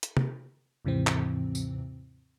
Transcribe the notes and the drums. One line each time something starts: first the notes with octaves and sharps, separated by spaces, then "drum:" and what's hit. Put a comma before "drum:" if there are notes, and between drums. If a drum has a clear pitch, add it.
drum: hi-hat
drum: tom C3
D#2 G#2 C3 E3 C4
drum: clap
drum: tambourine